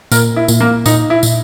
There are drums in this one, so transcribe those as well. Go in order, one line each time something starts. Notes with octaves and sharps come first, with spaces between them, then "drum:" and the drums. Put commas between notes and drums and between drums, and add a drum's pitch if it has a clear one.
A#2 A#4, drum: tambourine
E4
A#2, drum: tambourine
A#3
A#2 D#4, drum: tambourine
E4
A#2, drum: tambourine